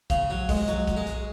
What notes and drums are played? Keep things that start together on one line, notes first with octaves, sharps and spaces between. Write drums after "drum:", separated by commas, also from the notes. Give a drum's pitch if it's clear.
C#3, drum: kick, hi-hat
F#3
G#3, drum: kick, open hi-hat
F#3, drum: hi-hat
drum: kick, hi-hat
G#3
drum: hi-hat